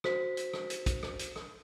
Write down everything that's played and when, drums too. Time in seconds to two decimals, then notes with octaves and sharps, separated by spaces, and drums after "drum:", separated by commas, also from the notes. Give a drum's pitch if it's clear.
0.04 F#4 C5 B6, drum: rim click
0.37 drum: hi-hat
0.53 drum: rim click
0.70 drum: hi-hat
0.86 drum: kick, hi-hat
1.03 drum: rim click
1.19 drum: hi-hat
1.36 drum: rim click